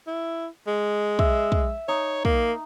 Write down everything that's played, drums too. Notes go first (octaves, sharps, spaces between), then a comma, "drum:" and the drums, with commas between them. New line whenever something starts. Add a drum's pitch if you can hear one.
E4
G#3
E5, drum: kick
drum: kick
D#4 C#5
A#3, drum: kick